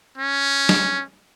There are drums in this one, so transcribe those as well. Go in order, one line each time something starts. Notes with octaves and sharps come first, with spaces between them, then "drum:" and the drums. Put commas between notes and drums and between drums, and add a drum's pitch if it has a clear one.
C#4
drum: snare